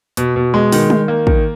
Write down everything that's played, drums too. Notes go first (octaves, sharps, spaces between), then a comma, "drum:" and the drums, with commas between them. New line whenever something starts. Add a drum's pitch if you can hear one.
B2, drum: hi-hat
B2
G#3
D#3, drum: open hi-hat
D#3, drum: tom G3
A#3
D#3, drum: kick